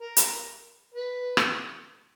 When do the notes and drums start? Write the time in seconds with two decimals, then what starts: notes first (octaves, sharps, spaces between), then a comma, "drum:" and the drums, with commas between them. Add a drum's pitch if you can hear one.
0.02 A#4
0.17 drum: hi-hat
0.94 B4
1.37 drum: rim click